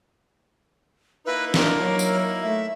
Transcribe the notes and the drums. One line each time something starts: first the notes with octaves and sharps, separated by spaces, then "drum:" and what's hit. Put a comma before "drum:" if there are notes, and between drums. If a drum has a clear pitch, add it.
A#3 D#4 E4 B4
D4 A#4, drum: snare
F#3
drum: tambourine
A3 E5